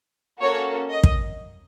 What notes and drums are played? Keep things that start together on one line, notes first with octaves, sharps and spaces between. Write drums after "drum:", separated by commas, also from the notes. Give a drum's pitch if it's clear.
A#3 C#4 F#4 A4 C#5
D#5
drum: kick